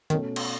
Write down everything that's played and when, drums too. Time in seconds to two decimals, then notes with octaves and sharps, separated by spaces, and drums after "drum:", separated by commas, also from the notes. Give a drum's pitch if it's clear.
0.10 B2 D#3 A3 C#4, drum: hi-hat
0.36 drum: cymbal